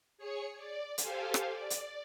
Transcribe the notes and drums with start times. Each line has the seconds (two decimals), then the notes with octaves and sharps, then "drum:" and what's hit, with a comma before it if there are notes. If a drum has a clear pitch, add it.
0.18 G#4 C#5 C#7
0.56 D5
0.98 G4 A4 C5 F5 G#5, drum: hi-hat
1.34 drum: rim click
1.49 D5
1.70 drum: hi-hat